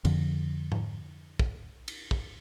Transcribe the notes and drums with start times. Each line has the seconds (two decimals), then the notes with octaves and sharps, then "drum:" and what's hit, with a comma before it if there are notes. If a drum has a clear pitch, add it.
0.05 F2 D3 F3, drum: cymbal
0.72 drum: tom G#2
1.39 drum: kick
1.88 drum: cymbal
2.11 drum: kick